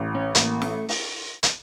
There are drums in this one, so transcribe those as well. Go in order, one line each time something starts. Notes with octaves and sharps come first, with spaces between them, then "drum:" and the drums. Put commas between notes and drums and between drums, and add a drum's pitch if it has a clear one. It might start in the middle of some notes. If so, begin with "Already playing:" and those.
Already playing: A1
C#4
A1 A#3, drum: hi-hat
A3, drum: snare
drum: open hi-hat
drum: hi-hat